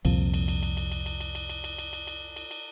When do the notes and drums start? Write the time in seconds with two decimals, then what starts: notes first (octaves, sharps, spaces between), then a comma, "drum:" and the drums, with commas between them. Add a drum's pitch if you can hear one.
0.05 C2 F2 A#2 F3, drum: cymbal
0.34 drum: cymbal
0.48 drum: cymbal
0.63 drum: cymbal
0.77 drum: cymbal
0.92 drum: cymbal
1.06 drum: cymbal
1.21 drum: cymbal
1.35 drum: cymbal
1.50 drum: cymbal
1.64 drum: cymbal
1.78 drum: cymbal
1.93 drum: cymbal
2.07 drum: cymbal
2.36 drum: cymbal
2.51 drum: cymbal